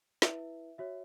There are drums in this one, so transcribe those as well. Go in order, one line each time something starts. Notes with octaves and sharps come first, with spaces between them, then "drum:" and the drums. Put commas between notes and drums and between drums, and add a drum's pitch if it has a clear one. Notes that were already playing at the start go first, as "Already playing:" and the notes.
E4 B4 E5, drum: snare
F#4 C#5 E5